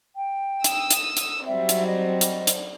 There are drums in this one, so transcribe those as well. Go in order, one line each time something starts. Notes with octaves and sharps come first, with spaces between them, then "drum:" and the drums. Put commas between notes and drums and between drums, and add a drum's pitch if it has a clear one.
G5
D#6 E6, drum: hi-hat
drum: hi-hat
drum: hi-hat
F#3 G3 C4 E5
drum: hi-hat
D#5
drum: hi-hat
drum: hi-hat